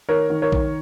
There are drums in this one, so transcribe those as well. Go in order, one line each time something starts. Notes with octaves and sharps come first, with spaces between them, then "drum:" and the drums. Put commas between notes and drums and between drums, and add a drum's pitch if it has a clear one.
D#3 A#4 C#5
D#3
A#4 C#5
D#3, drum: kick A#1